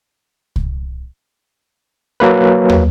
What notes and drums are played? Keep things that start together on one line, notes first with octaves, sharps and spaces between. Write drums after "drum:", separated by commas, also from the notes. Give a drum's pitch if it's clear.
drum: kick C2
F#3 A#3 B4
drum: tom